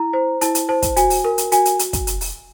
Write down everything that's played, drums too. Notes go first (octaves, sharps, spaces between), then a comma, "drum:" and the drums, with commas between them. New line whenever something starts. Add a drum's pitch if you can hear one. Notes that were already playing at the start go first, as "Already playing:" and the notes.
Already playing: E4 A#5
C5
E4 A5, drum: hi-hat
drum: hi-hat
C5 A5
drum: kick, hi-hat
F#4 G#5, drum: hi-hat
drum: open hi-hat
A#4
drum: hi-hat
F#4 G#5, drum: hi-hat
drum: hi-hat
drum: hi-hat
drum: kick, hi-hat
drum: hi-hat
drum: open hi-hat